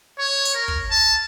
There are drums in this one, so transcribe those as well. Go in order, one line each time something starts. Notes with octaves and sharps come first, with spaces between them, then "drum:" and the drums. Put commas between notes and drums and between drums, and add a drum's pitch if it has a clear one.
C#5
drum: hi-hat
A#4
drum: kick
A5